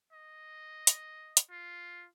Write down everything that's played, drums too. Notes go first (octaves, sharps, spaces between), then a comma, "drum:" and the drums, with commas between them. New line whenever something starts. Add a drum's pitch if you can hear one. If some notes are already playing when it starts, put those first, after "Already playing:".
D#5
drum: hi-hat
drum: hi-hat
F4